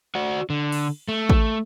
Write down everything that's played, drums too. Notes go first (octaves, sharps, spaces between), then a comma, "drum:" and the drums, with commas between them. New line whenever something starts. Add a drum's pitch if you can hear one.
F#4 D5 F#5
D3
drum: cymbal
A3
drum: kick A1